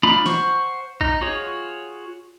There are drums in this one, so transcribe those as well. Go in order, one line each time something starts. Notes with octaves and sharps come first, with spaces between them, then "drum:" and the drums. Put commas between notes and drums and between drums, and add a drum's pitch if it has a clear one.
D4 D#4 F4 B5, drum: tom G#3
C5 F#5 C#6, drum: snare
D#4, drum: kick
F4 F#4 G#4 C#5